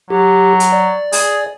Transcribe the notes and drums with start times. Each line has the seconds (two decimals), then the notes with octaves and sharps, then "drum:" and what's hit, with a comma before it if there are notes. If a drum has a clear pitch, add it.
0.10 F#3 G4
0.60 drum: hi-hat
0.72 D5
1.12 G#4, drum: open hi-hat